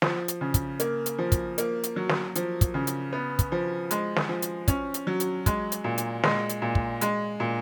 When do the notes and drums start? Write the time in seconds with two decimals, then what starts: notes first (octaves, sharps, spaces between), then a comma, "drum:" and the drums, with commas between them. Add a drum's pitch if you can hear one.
0.02 F3, drum: snare
0.28 drum: hi-hat
0.41 C#3
0.54 drum: kick, hi-hat
0.80 A#3, drum: hi-hat
1.06 drum: hi-hat
1.18 F3
1.32 drum: kick, hi-hat
1.58 A#3, drum: hi-hat
1.83 drum: hi-hat
1.96 F#3
2.09 drum: snare
2.35 F3, drum: hi-hat
2.61 drum: kick, hi-hat
2.74 C#3
2.87 drum: hi-hat
3.13 B3
3.39 drum: kick, hi-hat
3.52 F3
3.91 G#3, drum: hi-hat
4.16 drum: snare
4.29 F3
4.42 drum: hi-hat
4.68 C#4, drum: kick, hi-hat
4.94 drum: hi-hat
5.07 F#3
5.20 drum: hi-hat
5.46 G#3, drum: kick, hi-hat
5.72 drum: hi-hat
5.84 A#2
5.98 drum: hi-hat
6.23 G#3, drum: snare
6.49 drum: hi-hat
6.62 A#2
6.75 drum: kick
7.01 G#3, drum: hi-hat
7.40 A#2